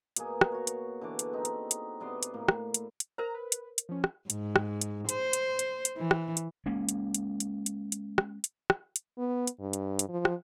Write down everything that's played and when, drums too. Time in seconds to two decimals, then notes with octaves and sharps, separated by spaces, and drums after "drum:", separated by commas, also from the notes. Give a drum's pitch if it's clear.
0.16 B2 A#3 G#4, drum: hi-hat
0.41 drum: rim click
0.52 F#4 C#5
0.67 drum: hi-hat
1.01 D3 E3 C#6 D6
1.19 drum: hi-hat
1.33 C4 D#4
1.45 drum: hi-hat
1.71 drum: hi-hat
2.00 C3 B3 D5 C6
2.23 drum: hi-hat
2.34 A2 A#3
2.48 drum: rim click
2.74 drum: hi-hat
3.00 drum: hi-hat
3.18 A#4 C5 A#5
3.34 B4
3.52 drum: hi-hat
3.78 drum: hi-hat
3.89 F3 C#4
4.04 drum: rim click
4.30 G#2, drum: hi-hat
4.56 drum: rim click
4.81 drum: hi-hat
5.09 C5, drum: hi-hat
5.33 drum: hi-hat
5.59 drum: hi-hat
5.85 drum: hi-hat
5.98 E3
6.11 drum: rim click
6.37 drum: hi-hat
6.66 G#3 A#3 C#4
6.89 drum: hi-hat
7.14 drum: hi-hat
7.40 drum: hi-hat
7.66 drum: hi-hat
7.92 drum: hi-hat
8.18 drum: rim click
8.44 drum: hi-hat
8.70 drum: rim click
8.96 drum: hi-hat
9.18 B3
9.47 drum: hi-hat
9.60 G2
9.73 drum: hi-hat
9.99 drum: hi-hat
10.09 F3
10.25 drum: rim click